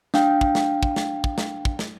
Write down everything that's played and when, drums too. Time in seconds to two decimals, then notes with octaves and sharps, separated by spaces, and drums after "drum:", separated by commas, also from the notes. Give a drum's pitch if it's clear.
0.14 D4 F5 G5, drum: snare
0.41 drum: kick
0.55 drum: snare
0.83 drum: kick
0.96 drum: snare
1.24 drum: kick
1.38 drum: snare
1.65 drum: kick
1.79 drum: snare